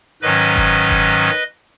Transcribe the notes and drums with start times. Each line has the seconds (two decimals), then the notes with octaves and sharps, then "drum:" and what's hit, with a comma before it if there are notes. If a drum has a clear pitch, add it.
0.22 G#2 D#3 F#3 C#4 B4 D#5
0.56 drum: kick F#1
0.89 drum: kick F#1